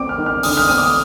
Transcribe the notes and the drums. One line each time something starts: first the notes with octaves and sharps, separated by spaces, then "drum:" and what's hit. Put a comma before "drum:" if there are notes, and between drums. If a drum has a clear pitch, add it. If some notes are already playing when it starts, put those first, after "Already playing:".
Already playing: C4 D6
F6
D#3
F6
D3 D#6, drum: open hi-hat
F6
C4 D#6
D6